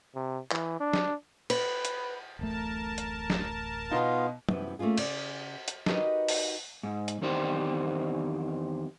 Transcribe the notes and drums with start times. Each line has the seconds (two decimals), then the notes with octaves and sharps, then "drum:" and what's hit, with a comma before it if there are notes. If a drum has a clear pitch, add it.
0.15 C3
0.52 E3, drum: clap
0.80 D4
0.93 drum: snare
1.50 B4, drum: cymbal
1.85 drum: hi-hat
2.39 D1 A1 A3 A#4 A5
2.98 drum: hi-hat
3.30 drum: snare
3.91 B2 B3 D#4 F4 F5
4.49 F#2 C3 E3 B3, drum: tom F#3
4.79 A3 A#3 C#4 F4 G#4
4.98 C#3 D5, drum: cymbal
5.68 drum: hi-hat
5.86 D#4 F#4 G4 A#4 B4 D#5, drum: snare
6.28 drum: open hi-hat
6.83 G#2
7.08 drum: hi-hat
7.22 E2 D#3 C4 G4 C5 D5